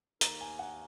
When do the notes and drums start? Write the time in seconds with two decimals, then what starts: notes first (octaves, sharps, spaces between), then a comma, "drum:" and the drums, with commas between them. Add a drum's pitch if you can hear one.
0.21 D#2 D#3 A#3 D#4 A#4 A#5, drum: hi-hat
0.41 G#5
0.59 F#5